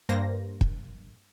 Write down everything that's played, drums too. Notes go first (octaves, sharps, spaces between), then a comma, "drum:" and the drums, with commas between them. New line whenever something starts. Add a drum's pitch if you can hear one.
G2 A#3 C5 A#6
drum: kick